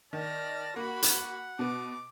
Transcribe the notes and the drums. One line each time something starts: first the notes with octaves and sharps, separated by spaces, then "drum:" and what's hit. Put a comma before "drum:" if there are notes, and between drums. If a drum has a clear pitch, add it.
D#3 D5 A5 F6 A#6
A#3 F#4 F#5 B5
drum: hi-hat
B2 B3 D6